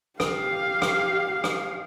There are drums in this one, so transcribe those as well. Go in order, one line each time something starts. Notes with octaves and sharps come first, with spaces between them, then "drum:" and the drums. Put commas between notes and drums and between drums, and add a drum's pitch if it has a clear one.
G4 F5, drum: rim click
drum: rim click
drum: rim click